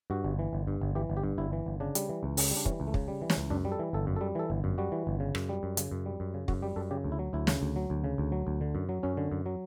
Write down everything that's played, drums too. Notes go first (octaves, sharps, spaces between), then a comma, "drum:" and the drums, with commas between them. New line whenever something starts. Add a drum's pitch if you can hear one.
G2 F#4
G1
E3
G1
G2
G1
E3 G4
G1
G4
G2
G1 E4
E3
G1
C#3 D4
G3, drum: hi-hat
E3
C#2
C#3, drum: open hi-hat
G3
D4
E3 C#4, drum: kick
C#2
A3
C#3, drum: kick
G3
E3
C#4, drum: snare
C#2
F#2 D4
G3
A4
E3
G1 A4
F#2
G3 A4
E3 A4
G1
F#2
G3 F#4
E3
G1
C#3
F#2, drum: rim click
G3
F#2
C#3, drum: hi-hat
F#2
G3
F#2
C#3
F#2 F#4, drum: kick
G3 G4
F#2 A4
C#3 G4
D2
E4
F#3
D2 E4
C#3, drum: snare
D2
F#3
D2
C#3
D2
F#3
D2
D3
F#2
F#3
F#2 C#4
D3
F#2
F#3